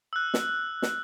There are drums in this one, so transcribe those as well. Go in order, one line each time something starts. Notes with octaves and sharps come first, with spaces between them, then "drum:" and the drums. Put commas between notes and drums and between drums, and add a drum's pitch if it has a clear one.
E6 F#6
drum: snare
drum: snare